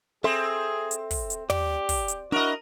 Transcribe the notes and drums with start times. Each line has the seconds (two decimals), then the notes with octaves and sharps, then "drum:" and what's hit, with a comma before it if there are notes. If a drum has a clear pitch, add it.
0.24 C4 G#4 A4 E5 C6
0.91 drum: hi-hat
1.11 drum: kick, open hi-hat
1.30 drum: hi-hat
1.50 G4 D5, drum: tom
1.89 drum: kick, open hi-hat
2.08 drum: hi-hat
2.32 D4 E4 F#4 A#4 D#5